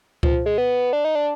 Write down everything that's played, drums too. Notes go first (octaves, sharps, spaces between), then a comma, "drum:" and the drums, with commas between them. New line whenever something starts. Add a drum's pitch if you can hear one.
F3, drum: kick C#2
G#3
B3
D4
D#4
D4